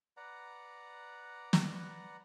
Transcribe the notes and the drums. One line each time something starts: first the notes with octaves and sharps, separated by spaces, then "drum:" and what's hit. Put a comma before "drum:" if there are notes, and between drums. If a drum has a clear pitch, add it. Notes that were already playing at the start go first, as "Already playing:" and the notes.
B4 D5 F#5 A#5
drum: snare